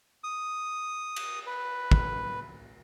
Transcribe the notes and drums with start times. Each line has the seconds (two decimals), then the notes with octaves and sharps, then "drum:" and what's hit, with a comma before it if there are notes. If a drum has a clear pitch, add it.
0.24 D#6
1.16 drum: cymbal
1.47 B4
1.92 drum: kick